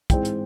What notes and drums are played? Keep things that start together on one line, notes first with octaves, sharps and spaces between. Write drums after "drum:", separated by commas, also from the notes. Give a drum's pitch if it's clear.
G#2 E3 G#3 C4 G5, drum: kick, hi-hat
drum: hi-hat